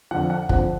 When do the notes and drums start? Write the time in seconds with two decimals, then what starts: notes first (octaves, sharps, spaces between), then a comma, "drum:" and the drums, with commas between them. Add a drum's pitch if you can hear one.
0.11 F2 D3 F3 F#5
0.30 F#5
0.49 F2 D3 F3 F#5, drum: kick